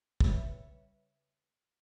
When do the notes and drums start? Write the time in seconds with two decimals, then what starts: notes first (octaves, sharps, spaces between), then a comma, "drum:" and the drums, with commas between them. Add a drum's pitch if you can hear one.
0.20 C#3 G3 B4 C#5 E5, drum: kick